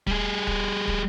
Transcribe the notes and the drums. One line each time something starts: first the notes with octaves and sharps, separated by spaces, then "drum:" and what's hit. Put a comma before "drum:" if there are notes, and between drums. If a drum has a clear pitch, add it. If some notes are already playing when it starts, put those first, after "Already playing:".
G3 G#4, drum: kick
drum: kick
drum: kick